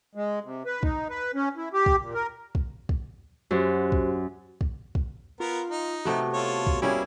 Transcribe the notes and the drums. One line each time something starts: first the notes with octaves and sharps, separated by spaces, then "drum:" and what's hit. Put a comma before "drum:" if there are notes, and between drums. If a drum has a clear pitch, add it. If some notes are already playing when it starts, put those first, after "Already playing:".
G#3
C3
B4
D#4, drum: kick
B4
C#4
E4
G4
drum: kick
A#2
A#4
drum: kick
drum: kick
F#2 F#4 G4 C5
drum: kick
drum: kick
drum: kick
B3 F4 A#4
D#4
C3 A3 B3 F#4
F4 A4 C#5
drum: kick
G3 A#3 C#4 E4 G#4 G#5